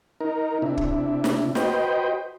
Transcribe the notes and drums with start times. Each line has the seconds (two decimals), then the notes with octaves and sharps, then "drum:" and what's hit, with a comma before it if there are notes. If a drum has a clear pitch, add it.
0.21 D#4 A#4
0.62 C3 D4 E4
0.77 drum: kick
1.24 drum: snare
1.55 F#4 B4 C5 D#5 G5, drum: snare